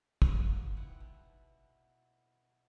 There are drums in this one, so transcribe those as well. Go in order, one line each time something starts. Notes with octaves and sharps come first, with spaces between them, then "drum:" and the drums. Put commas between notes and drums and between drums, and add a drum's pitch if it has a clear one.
B3 D#4 F4 F#4, drum: kick
E4 F#5 G5
B2